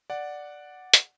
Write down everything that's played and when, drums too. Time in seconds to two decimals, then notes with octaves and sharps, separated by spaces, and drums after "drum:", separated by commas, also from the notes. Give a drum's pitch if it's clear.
0.10 D5 F#5
0.94 drum: hi-hat